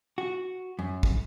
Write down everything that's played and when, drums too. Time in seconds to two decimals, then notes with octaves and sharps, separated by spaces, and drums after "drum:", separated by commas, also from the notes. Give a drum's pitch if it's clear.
0.18 F#4
0.79 F#2
1.03 drum: kick